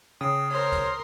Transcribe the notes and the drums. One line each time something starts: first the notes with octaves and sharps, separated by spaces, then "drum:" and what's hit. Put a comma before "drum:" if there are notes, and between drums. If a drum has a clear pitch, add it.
C#3 G5 D#6 C7
A#4 C5 C#5 C6
drum: kick D2, hi-hat